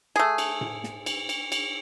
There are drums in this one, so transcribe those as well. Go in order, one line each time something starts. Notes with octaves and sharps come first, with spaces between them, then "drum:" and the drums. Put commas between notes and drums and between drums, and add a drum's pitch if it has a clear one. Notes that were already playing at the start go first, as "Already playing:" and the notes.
A3 G#4
drum: cymbal
drum: tom A2
drum: snare
drum: cymbal
drum: cymbal
drum: cymbal